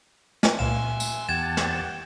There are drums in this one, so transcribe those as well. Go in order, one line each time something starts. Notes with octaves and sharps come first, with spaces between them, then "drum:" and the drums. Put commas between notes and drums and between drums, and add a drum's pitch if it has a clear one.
drum: snare
C#2 A#2 E5 F5 G#5 C6 E7
drum: tambourine
E2 G4 F#5 G5 A5 G#6 E7
drum: snare